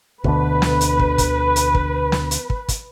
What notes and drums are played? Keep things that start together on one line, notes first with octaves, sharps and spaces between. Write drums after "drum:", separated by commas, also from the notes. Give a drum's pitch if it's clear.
D2 B2 D3 B4, drum: kick
drum: snare
drum: hi-hat
drum: kick
drum: kick, hi-hat
drum: hi-hat
drum: kick
drum: snare
drum: hi-hat
drum: kick
drum: kick, hi-hat